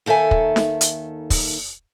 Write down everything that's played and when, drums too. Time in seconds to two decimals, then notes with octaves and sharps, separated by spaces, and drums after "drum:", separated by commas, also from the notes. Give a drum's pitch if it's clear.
0.06 D#2 D#3 A4 E5 G#5
0.31 drum: kick
0.56 drum: snare
0.81 drum: hi-hat
1.30 drum: kick, open hi-hat